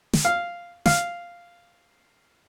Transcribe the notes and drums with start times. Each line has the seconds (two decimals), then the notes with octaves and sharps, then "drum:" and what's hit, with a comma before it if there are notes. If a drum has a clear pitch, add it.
0.13 drum: snare
0.25 F5
0.86 F5, drum: snare